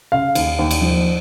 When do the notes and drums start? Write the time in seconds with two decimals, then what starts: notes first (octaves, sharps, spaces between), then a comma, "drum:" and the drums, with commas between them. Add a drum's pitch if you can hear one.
0.12 C#3 F5
0.35 D#2, drum: cymbal
0.59 D#2
0.71 drum: cymbal
0.82 F3